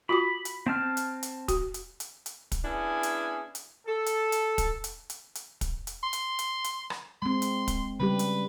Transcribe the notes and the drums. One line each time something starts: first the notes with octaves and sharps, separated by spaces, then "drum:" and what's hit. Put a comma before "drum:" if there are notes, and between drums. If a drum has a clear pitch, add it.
F4 F#4 B5 D6
drum: hi-hat
C4 A5 F6
drum: hi-hat
drum: hi-hat
F#4, drum: kick, hi-hat
drum: hi-hat
drum: hi-hat
drum: hi-hat
drum: kick, hi-hat
B3 C#4 D4 E4 G#4 G#5
drum: hi-hat
drum: hi-hat
A4
drum: hi-hat
drum: hi-hat
drum: kick, hi-hat
drum: hi-hat
drum: hi-hat
drum: hi-hat
drum: kick, hi-hat
drum: hi-hat
C6
drum: hi-hat
drum: hi-hat
drum: hi-hat
drum: rim click
G#3 C4 C6
drum: hi-hat
drum: kick, hi-hat
C#3 G3 G4 B4
drum: hi-hat